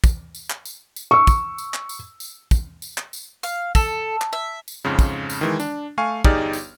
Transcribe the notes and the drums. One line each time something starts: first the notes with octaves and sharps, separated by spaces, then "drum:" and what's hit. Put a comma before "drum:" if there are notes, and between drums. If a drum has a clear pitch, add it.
drum: kick, tambourine
drum: tambourine
drum: clap
drum: tambourine
drum: tambourine
C#6 E6
drum: kick, tambourine
drum: tambourine
drum: clap
drum: tambourine
drum: tambourine
drum: kick, tambourine
drum: tambourine
drum: clap
drum: tambourine
F5, drum: tambourine
A4, drum: kick, tambourine
drum: clap
E5
drum: tambourine
F2 G#2 C#3
drum: kick, tambourine
drum: tambourine
D#3 E3 G#3
D4, drum: tambourine
A3 F5 G#5 C#6
G1 D#4 G4 G#4 D5 F6, drum: kick
drum: tambourine